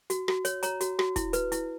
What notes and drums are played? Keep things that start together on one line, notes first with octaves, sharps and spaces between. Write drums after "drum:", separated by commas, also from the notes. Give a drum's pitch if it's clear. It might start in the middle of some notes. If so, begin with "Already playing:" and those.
F#4, drum: hi-hat
F#4, drum: rim click
C#5, drum: hi-hat
C#5 A#5, drum: hi-hat
F#4, drum: hi-hat
F#4, drum: rim click
E4, drum: kick, hi-hat
B4, drum: hi-hat
E4, drum: hi-hat